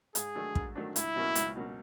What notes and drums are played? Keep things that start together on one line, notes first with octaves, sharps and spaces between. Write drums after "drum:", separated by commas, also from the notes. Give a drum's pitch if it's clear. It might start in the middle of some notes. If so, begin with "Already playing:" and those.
G#2 G#4, drum: hi-hat
D#3 F#3 A3 D4
G#2, drum: kick
D#3 F#3 A3 D4
C#2 E4, drum: hi-hat
B2 F#3 A#3 C#4
C#2, drum: hi-hat
B2 F#3 A#3 C#4